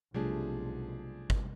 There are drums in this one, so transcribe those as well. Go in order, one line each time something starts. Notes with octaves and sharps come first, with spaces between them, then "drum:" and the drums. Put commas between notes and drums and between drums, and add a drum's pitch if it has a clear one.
B1 C3 F3 G3 A3 D4 G#4
drum: kick G1